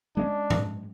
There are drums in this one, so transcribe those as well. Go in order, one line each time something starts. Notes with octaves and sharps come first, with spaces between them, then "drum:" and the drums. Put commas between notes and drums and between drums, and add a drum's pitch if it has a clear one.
G#3 A#3 C#4 D4
drum: tom G#2